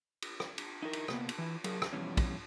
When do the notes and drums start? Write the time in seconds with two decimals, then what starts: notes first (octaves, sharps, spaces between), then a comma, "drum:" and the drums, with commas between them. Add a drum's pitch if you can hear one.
0.22 drum: cymbal
0.40 drum: rim click
0.58 drum: cymbal
0.83 D#4 E4 A#4
0.93 drum: cymbal
1.08 C3 A#3 B3, drum: rim click
1.29 drum: cymbal
1.38 E3 E4
1.64 F#3 G#4 A#4, drum: cymbal
1.82 drum: rim click
1.93 F2 B2 E3 G3 C#4
2.17 drum: kick, cymbal